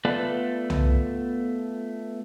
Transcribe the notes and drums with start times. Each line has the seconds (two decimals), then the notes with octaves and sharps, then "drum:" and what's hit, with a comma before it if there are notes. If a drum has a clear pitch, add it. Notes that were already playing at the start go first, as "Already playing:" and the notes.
0.05 A3 B3 F4 A4 B4 D5
0.70 drum: tom C2